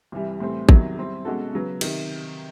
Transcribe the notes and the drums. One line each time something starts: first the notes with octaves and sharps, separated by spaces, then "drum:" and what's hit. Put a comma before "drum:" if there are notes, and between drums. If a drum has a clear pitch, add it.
C2 C3 E3 G3
A2 E3 G3 C4
E2 C3 D#3 F#3, drum: kick A1
G3 C4 E4
B2 G#3 C#4 F#4 A4
C#3 F#3 B3
C3 D#3, drum: cymbal